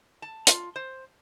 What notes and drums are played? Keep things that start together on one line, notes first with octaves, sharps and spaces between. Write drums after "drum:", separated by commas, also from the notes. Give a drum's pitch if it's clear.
A5
F4, drum: hi-hat
C5